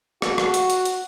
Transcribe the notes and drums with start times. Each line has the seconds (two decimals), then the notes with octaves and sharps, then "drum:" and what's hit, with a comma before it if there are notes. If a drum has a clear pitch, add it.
0.22 F#4, drum: rim click
0.38 drum: rim click
0.54 drum: hi-hat
0.70 drum: hi-hat
0.85 drum: hi-hat